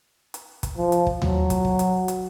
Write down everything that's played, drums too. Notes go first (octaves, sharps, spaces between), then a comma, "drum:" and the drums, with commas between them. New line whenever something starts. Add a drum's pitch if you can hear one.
drum: hi-hat
drum: kick, hi-hat
F3
drum: hi-hat
drum: kick
F#3, drum: tom D#2
drum: kick, hi-hat
drum: kick
drum: hi-hat
drum: hi-hat